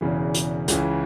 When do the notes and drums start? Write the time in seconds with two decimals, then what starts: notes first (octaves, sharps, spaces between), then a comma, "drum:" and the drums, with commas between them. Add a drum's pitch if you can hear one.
0.01 E1 E2 C#3 E3
0.34 drum: hi-hat
0.68 C#2 C#3 E3, drum: hi-hat